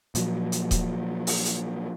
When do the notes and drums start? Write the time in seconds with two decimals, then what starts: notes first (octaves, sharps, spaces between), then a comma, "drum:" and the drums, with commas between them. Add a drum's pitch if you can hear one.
0.15 A#2 F3 F#3, drum: hi-hat
0.52 drum: hi-hat
0.71 drum: kick D#1, hi-hat
1.27 drum: open hi-hat
1.46 drum: hi-hat